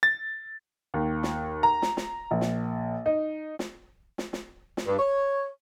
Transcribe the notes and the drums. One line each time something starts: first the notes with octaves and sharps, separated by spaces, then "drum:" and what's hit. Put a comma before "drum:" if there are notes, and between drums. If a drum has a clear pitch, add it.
A6
D#2
drum: snare
A#5
drum: snare
drum: snare
A#1
drum: snare
D#4
drum: snare
drum: snare
drum: snare
drum: snare
G2
C#5